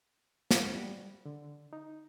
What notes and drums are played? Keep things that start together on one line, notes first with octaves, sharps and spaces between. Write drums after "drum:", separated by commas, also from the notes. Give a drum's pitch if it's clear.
F#5, drum: snare
G3
D3
D#4